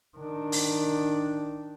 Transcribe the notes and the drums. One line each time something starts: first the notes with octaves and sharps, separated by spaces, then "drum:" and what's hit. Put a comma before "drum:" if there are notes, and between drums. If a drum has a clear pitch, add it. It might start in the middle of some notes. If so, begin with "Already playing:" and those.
D#3 D4
drum: open hi-hat